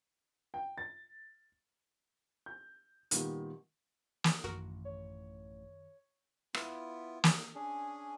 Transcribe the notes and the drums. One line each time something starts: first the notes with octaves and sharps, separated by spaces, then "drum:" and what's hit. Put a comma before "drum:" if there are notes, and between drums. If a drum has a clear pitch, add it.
G5
A6
G6
A#2 D#3 G3 A#3 B3, drum: hi-hat
drum: snare
A1 F#2 D#3 F#4 A#4
C#5
B3 E4 F4, drum: rim click
drum: snare
C#4 D4 G#4